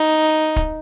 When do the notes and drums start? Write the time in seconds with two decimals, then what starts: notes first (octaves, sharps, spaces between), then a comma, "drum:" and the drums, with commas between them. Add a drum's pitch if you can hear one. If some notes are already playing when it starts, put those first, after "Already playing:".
Already playing: D#4
0.56 drum: kick